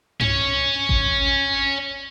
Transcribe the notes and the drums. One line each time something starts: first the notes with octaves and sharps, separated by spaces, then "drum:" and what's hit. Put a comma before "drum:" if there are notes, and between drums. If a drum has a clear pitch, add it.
C#4 C#5, drum: tom G2
drum: kick G#1